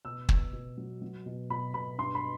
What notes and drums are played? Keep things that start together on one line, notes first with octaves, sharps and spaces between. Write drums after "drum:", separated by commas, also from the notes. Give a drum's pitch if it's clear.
B2 E6
B2, drum: kick
B2
F#3
F#3
B2
B2 B5
B2 B5
G2 C6
B5